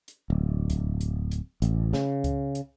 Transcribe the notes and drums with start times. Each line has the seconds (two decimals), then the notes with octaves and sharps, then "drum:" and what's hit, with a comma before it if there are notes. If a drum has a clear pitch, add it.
0.08 drum: hi-hat
0.30 D1
0.70 drum: kick C#2, hi-hat
1.01 drum: hi-hat
1.31 drum: hi-hat
1.62 A1, drum: hi-hat
1.93 C#3, drum: snare
2.24 drum: kick C#2, hi-hat
2.55 drum: hi-hat